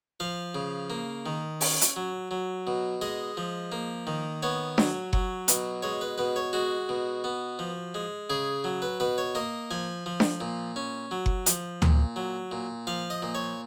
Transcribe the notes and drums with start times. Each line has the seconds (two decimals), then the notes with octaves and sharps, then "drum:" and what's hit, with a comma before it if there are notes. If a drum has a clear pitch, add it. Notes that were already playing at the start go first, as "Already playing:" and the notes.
0.20 F3 F5
0.55 C#3
0.90 A#3
1.26 D#3
1.61 C#4, drum: open hi-hat
1.81 drum: hi-hat
1.96 F#3
2.31 F#3
2.67 B2
3.01 G#3 D#5
3.37 F3
3.72 A#3
4.07 D#3
4.43 B3 C#5
4.78 F#3, drum: snare D4
5.13 F#3, drum: kick F#1
5.48 B2, drum: hi-hat
5.83 G#3 C#5
6.01 B4
6.18 B2 B4
6.36 C#5
6.53 G#3 F#4
6.89 B2
7.24 B3
7.59 F3
7.94 G#3
8.30 C#3 G#4
8.64 F#3
8.82 B4
9.00 B2 B4
9.18 C#5
9.35 A#3 D#5
9.71 F3 G#5
10.06 F3
10.20 drum: snare D4
10.41 A#2
10.76 C#4
11.11 F#3
11.26 drum: kick F#1
11.46 F3, drum: hi-hat
11.82 A#2, drum: tom D2
12.16 F#3
12.51 A#2
12.87 F3 F5
13.10 D#5
13.22 A#2
13.35 C#5